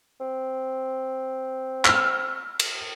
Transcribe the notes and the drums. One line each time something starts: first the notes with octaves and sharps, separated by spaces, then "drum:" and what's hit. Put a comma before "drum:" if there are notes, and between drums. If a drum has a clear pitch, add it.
C4
E6 F6, drum: clap
drum: cymbal